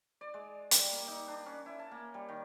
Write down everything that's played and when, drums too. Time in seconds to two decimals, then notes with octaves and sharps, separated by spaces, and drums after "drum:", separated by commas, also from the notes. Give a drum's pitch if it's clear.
0.21 D5
0.34 G#3
0.71 G3, drum: hi-hat
0.91 A#3
1.08 D#4
1.28 D4
1.46 C#4
1.66 E4
1.79 A5
1.91 A#3
2.14 G3
2.28 D#3